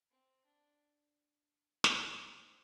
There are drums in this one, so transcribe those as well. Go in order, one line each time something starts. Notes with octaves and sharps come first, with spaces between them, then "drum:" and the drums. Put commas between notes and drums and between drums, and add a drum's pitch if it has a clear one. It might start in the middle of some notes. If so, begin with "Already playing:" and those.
C4
D4
C4, drum: snare